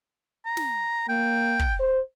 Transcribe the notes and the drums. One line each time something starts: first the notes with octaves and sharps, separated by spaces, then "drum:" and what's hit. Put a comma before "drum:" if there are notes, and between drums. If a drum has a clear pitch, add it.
A#5
drum: snare
A#3 G5
drum: kick
C5